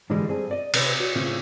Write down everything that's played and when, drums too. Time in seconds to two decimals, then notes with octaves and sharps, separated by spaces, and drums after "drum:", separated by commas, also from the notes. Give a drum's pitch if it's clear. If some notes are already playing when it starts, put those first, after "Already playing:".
0.10 G#2 D3 E3 G3 G#3
0.28 G2 C4 G#4 A4
0.51 D5 D#5
0.74 C3 B4 C5, drum: cymbal
1.00 F#4
1.15 A2 C#3 C4 F4